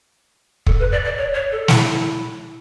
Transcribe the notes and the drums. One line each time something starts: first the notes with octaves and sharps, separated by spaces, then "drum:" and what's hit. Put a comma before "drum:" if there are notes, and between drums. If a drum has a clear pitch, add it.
A4, drum: kick
B4
D5
D5
C#5
C#5
A4
E4, drum: snare